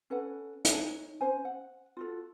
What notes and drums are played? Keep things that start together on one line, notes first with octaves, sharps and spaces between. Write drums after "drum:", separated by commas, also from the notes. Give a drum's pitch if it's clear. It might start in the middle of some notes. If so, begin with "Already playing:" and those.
C#4 A4 B4 F#5
E5 A5, drum: hi-hat
D#4 C#5
C#4 C5 G#5
F#5
F4 F#4 A4